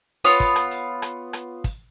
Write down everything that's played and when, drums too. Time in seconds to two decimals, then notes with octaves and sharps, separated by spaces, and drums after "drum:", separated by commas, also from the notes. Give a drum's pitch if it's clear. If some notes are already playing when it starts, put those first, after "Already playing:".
0.25 B3 F4 C#5
0.40 drum: kick, hi-hat
0.56 drum: rim click
0.71 drum: hi-hat
1.02 drum: rim click
1.33 drum: rim click
1.64 drum: kick, hi-hat